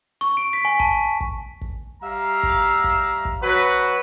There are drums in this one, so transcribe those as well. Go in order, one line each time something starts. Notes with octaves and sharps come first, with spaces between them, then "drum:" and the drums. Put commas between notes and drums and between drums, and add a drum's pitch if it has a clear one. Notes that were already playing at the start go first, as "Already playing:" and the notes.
C#6
D7
B6
G#5
A5, drum: kick
drum: kick
drum: kick
G3 E5 F5 A#5
drum: kick
drum: kick
drum: kick
F#3 F#4 B4